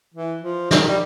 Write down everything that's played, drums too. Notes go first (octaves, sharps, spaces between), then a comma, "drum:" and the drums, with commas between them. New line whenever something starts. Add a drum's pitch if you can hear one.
E3
F3
D#3, drum: snare
G3